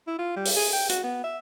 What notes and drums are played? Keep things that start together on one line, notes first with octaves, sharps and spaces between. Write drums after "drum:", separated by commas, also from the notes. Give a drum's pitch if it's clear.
E4
F4
G3
drum: open hi-hat
G#4
G5
F#4, drum: hi-hat
B3
E5